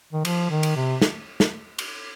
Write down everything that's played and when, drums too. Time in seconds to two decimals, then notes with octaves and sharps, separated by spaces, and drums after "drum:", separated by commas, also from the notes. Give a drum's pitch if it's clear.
0.13 D#3
0.25 F3, drum: cymbal
0.50 D#3
0.63 drum: cymbal
0.76 C3
1.02 drum: snare
1.40 drum: snare
1.79 drum: cymbal